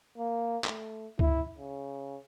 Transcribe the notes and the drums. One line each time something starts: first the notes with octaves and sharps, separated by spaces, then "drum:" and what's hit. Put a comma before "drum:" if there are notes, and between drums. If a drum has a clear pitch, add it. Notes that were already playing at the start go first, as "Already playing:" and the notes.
A#3
A3, drum: clap
E4, drum: kick C#2
C#3